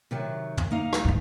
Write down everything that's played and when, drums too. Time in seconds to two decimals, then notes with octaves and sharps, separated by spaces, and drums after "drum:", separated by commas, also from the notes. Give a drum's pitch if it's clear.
0.11 C3 D#3 F#3
0.57 drum: tom
0.71 A#3 D#4 F5
0.93 drum: rim click
1.05 G#2 D#3